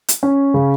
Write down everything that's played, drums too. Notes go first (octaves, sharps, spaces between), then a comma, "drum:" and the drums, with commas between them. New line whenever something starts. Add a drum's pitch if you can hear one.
drum: hi-hat
C#4
C#3